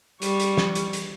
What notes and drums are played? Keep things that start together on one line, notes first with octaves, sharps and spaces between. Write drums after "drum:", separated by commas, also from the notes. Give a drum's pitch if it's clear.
G3 C#6, drum: hi-hat
drum: hi-hat
drum: snare
drum: hi-hat
drum: hi-hat